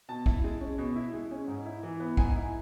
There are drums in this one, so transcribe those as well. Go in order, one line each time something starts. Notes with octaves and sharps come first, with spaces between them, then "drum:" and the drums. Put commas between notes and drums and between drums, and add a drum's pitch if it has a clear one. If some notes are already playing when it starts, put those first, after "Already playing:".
B2 A5
E4, drum: kick
G#3
C#4
B2
E4
G#3
C#4
G#2
E4
E3
B3
G#2 G#5, drum: kick
E4